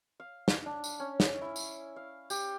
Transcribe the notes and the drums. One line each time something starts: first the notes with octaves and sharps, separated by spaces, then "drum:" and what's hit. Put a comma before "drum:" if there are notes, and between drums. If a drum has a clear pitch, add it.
F5
drum: snare
D4
drum: tambourine
C#4
drum: snare
E4
drum: tambourine
F5
G4, drum: tambourine